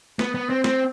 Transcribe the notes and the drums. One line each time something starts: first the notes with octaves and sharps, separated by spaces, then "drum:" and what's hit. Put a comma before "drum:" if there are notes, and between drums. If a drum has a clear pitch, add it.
B3, drum: snare
B3
C4
C4, drum: snare